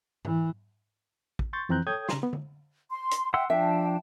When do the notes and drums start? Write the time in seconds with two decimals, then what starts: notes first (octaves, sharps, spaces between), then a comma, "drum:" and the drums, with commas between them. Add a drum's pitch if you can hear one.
0.25 E3, drum: tom G#2
1.39 drum: kick
1.53 C6 C#6 G6 A6
1.69 F2 E3 C4 A#5 F#6 G6
1.87 A4 C#5 G5 D#6 G6 G#6
2.09 C#3 A#5 C6, drum: snare
2.23 B3
2.33 drum: tom D3
2.91 C6
3.11 drum: hi-hat
3.34 E5 F#5 G5 C6 E6
3.50 F3 D4 E5 G5 A5